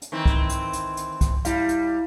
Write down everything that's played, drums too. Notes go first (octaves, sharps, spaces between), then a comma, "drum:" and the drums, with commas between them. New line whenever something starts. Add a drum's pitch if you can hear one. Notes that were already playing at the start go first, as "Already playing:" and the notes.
drum: hi-hat
D#3 E3 C4
drum: kick C2
drum: hi-hat
drum: hi-hat
drum: hi-hat
drum: kick C2, hi-hat
G3 E4 F5, drum: hi-hat
drum: hi-hat